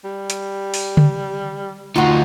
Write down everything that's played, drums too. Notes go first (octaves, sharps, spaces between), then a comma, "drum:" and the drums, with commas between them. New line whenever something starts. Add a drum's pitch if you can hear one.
G3
drum: hi-hat
drum: open hi-hat
drum: tom C#3
D2 D#4 F4 F#4